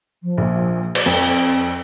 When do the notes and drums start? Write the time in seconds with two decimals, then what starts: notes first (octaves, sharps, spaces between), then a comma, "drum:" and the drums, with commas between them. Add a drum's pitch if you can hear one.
0.23 F3
0.38 A#1 A#2
0.95 drum: cymbal
1.06 F2 C4